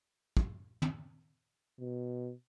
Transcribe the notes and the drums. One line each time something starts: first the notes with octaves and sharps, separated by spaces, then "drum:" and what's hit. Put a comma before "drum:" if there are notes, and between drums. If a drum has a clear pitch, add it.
drum: kick
drum: tom
B2